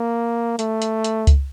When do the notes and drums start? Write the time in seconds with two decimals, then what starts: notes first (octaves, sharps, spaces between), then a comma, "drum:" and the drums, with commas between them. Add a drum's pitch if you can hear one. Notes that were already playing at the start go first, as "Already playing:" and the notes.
Already playing: A#3
0.59 A3, drum: hi-hat
0.82 drum: hi-hat
1.04 drum: hi-hat
1.27 drum: kick C#2, hi-hat